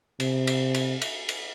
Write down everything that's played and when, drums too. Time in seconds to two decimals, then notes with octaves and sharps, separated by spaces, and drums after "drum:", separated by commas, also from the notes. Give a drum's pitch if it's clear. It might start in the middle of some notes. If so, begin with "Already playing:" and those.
0.20 C3, drum: cymbal
0.47 drum: cymbal
0.74 drum: cymbal
1.02 drum: cymbal
1.29 drum: cymbal